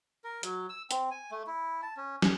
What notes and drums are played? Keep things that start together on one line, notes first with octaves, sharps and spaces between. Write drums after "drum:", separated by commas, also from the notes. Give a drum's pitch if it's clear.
A#4
F#3, drum: hi-hat
E6
C4, drum: hi-hat
G#5
A3
E4
A5
C#4
G#4, drum: snare